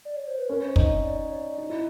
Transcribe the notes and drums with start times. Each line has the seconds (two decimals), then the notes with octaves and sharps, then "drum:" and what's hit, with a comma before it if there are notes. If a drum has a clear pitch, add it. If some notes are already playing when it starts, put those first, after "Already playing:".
0.05 D5
0.16 C#5
0.28 C5
0.38 B4
0.48 C#4 A#4
0.67 C5
0.76 D#4, drum: kick
0.85 C#5
1.04 D5
1.17 C#5
1.31 D5
1.58 D#4
1.70 E4